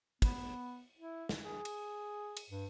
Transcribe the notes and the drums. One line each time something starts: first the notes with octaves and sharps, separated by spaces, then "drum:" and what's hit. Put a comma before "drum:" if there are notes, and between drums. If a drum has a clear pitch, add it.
B3, drum: kick, cymbal
E4
drum: snare
G#4
drum: cymbal
drum: cymbal
G2